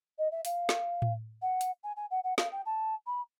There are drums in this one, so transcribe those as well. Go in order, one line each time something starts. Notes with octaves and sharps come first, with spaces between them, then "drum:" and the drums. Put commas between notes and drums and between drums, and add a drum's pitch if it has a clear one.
D#5
E5
F5, drum: hi-hat
drum: snare
drum: tom A2
F#5
drum: hi-hat
G#5
G#5
F#5
F#5
F5, drum: snare
G5
A5
B5